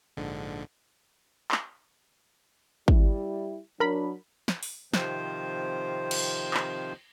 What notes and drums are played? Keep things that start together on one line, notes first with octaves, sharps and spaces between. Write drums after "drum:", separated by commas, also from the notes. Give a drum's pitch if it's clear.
A#1 G#2 D3
drum: clap
G3 E4, drum: kick
F#3 D4 A#4 B5
drum: snare
drum: open hi-hat
C3 D#3 F3 C4 C5, drum: snare
drum: cymbal
drum: clap